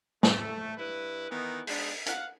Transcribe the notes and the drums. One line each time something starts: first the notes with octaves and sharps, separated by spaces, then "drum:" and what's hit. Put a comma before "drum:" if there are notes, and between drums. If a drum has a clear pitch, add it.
A3, drum: snare
G2 E4 B4
D#3 E3 B3 D#4
G#3 B3 D4 D#4, drum: open hi-hat
F5 F#5, drum: hi-hat